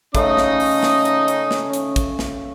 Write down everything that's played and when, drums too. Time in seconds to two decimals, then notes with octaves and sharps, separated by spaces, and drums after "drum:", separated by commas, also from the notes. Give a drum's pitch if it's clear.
0.15 C#3 A3 C#4 D#4 D#6, drum: kick, hi-hat
0.37 drum: snare
0.60 drum: open hi-hat
0.83 drum: snare
1.05 drum: hi-hat
1.28 drum: hi-hat
1.51 drum: snare
1.73 drum: hi-hat
1.96 drum: kick, hi-hat
2.19 drum: snare